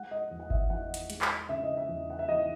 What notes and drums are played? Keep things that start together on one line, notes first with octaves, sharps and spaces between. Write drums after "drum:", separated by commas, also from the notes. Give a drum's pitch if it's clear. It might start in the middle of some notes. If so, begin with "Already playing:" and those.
Already playing: G#3 F#5
D#5
E2
F#5
E5, drum: kick G1
E2 F#5
drum: hi-hat
G#3, drum: hi-hat
drum: clap
C#3 E5
D#5
E5
E2
F#5
E5
E2 D#5